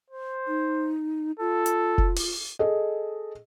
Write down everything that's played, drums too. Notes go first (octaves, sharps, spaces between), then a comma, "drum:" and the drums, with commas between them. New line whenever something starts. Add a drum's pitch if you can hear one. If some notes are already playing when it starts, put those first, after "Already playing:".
C5
D#4
F4 A4
drum: hi-hat
drum: kick F1
drum: open hi-hat
G#4 A4 D#5